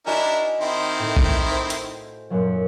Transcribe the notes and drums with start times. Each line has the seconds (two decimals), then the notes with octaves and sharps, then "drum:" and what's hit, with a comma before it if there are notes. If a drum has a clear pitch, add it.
0.06 D4 E4 F#4 A#4 D#5 G#5
0.60 D#3 C4 E4
0.99 A2
1.17 drum: kick A1
1.51 C5
1.70 drum: hi-hat
2.30 F#2 A#2 F#3